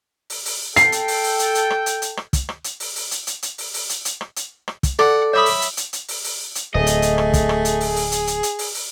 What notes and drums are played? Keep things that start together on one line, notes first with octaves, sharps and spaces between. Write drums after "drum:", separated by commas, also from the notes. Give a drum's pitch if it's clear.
drum: open hi-hat
drum: open hi-hat
A4 G5 C7, drum: hi-hat
drum: hi-hat
drum: open hi-hat
drum: open hi-hat
drum: hi-hat
drum: hi-hat
drum: rim click
drum: hi-hat
drum: hi-hat
drum: rim click
drum: kick, hi-hat
drum: rim click
drum: hi-hat
drum: open hi-hat
drum: open hi-hat
drum: hi-hat
drum: hi-hat
drum: hi-hat
drum: open hi-hat
drum: open hi-hat
drum: hi-hat
drum: hi-hat
drum: rim click
drum: hi-hat
drum: rim click
drum: kick, hi-hat
A4 D5 F#5, drum: rim click
C#5 E5 B5 D6 D#6
drum: open hi-hat
drum: hi-hat
drum: hi-hat
drum: hi-hat
drum: open hi-hat
drum: open hi-hat
drum: hi-hat
D1 A3 G#4 D#5
drum: hi-hat
drum: hi-hat
drum: rim click
drum: kick, hi-hat
drum: rim click
drum: hi-hat
drum: open hi-hat
drum: open hi-hat
drum: hi-hat
drum: hi-hat
drum: hi-hat
drum: open hi-hat
drum: open hi-hat